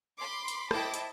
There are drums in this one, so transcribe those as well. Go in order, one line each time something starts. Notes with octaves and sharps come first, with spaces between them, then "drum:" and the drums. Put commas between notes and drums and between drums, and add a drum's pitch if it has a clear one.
B5 C6 D6
drum: hi-hat
E4 C5 D#5 G5 A5 D6, drum: rim click
drum: hi-hat